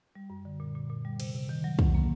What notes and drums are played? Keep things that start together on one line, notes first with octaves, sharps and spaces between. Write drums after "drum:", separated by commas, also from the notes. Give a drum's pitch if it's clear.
G3
F#2
D3
A#2
A#2
A#2
G3
C3, drum: cymbal
C3
D#3
F#3
D#3, drum: kick
A#3